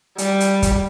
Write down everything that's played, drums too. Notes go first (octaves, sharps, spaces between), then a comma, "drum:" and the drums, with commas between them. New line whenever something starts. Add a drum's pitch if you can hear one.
G3, drum: hi-hat
drum: hi-hat
drum: kick, hi-hat